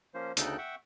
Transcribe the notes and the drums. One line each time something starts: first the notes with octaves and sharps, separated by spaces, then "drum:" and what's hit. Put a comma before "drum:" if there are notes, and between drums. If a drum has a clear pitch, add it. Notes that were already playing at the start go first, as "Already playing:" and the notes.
F3 A#3 C#4 C5
D2 C#3 D#4 A4 G5 F#6, drum: hi-hat
E5 F#5 G5 C#6